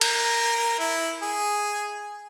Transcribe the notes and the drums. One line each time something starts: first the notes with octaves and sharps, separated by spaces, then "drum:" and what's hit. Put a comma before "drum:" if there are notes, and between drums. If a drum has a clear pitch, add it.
A#4, drum: cymbal
E4
G#4